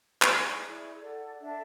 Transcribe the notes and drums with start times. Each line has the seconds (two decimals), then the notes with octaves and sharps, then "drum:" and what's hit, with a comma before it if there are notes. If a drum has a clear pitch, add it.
0.22 E4 G#4 D5 G#5, drum: clap
0.62 E4 G#4 D5
1.00 A4 D5 F#5
1.39 D4 A4 E5 A5